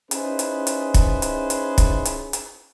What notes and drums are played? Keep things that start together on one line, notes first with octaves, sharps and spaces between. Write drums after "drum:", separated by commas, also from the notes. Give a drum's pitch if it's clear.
C#4 D#4 E4 G#4 B4 C5, drum: hi-hat
drum: hi-hat
drum: hi-hat
drum: kick, hi-hat
drum: hi-hat
drum: hi-hat
drum: kick, hi-hat
drum: hi-hat
drum: hi-hat